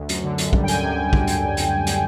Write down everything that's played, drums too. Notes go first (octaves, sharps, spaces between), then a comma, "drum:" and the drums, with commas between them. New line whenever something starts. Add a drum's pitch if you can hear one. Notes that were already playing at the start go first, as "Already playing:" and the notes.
Already playing: D2
F#2, drum: hi-hat
D3
F#2, drum: hi-hat
G3, drum: kick
G5
F#2 G#5, drum: hi-hat
F#2
F#2
D3, drum: kick
drum: hi-hat
drum: hi-hat
drum: hi-hat